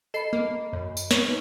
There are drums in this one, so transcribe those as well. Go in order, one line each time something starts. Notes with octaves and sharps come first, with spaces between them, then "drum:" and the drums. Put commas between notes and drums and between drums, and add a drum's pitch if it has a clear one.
A4 D#5 B5 C7
A#3
F#2
drum: tambourine
C#5, drum: snare
D#4 B4